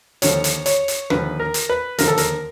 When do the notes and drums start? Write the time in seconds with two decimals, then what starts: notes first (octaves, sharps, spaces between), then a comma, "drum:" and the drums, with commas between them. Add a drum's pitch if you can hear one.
0.22 D#2 D3 F3 C#5, drum: hi-hat
0.44 drum: hi-hat
0.66 C#5, drum: hi-hat
0.88 drum: hi-hat
1.10 D#2 D3 F3 B4, drum: rim click
1.40 A#4
1.54 drum: hi-hat
1.69 B4
1.98 D#2 D3 F3 A#4, drum: hi-hat
2.08 A4
2.18 A#4, drum: hi-hat